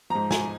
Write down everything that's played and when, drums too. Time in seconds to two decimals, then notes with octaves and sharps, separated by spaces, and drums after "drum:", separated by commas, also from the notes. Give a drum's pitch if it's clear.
0.10 G#2 F3 A#5
0.31 G#5, drum: snare